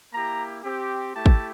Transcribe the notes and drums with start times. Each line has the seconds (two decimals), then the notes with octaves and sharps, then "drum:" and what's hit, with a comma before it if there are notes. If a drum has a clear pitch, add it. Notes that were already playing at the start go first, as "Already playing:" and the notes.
0.13 A#3 E4 G4 A#5
0.64 C4 G4
1.15 A3 E4 G4 A5
1.26 drum: kick